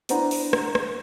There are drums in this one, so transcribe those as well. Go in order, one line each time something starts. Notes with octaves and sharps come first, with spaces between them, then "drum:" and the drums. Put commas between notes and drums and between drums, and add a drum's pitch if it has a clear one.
B3 D4 E4 C5 F#5 A#5, drum: hi-hat
drum: open hi-hat
drum: rim click
drum: rim click